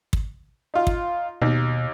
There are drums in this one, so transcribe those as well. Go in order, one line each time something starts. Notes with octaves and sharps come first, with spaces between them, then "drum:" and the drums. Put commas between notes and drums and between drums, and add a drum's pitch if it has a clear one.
drum: kick
D#4 F4
drum: kick
D#2 B2